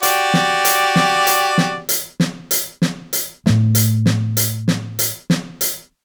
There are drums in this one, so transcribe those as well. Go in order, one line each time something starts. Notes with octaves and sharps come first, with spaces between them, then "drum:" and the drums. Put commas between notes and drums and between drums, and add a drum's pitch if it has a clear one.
F#4 G4 D5, drum: hi-hat
drum: snare
drum: hi-hat
drum: snare
drum: hi-hat
drum: snare
drum: hi-hat
drum: snare
drum: hi-hat
drum: snare
drum: hi-hat
A2 A3, drum: snare
drum: hi-hat
drum: snare
drum: hi-hat
drum: snare
drum: hi-hat
drum: snare
drum: hi-hat